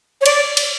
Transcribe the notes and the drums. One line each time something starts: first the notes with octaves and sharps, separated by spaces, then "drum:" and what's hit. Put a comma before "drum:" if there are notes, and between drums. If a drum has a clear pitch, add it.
C#5
D5, drum: cymbal
drum: cymbal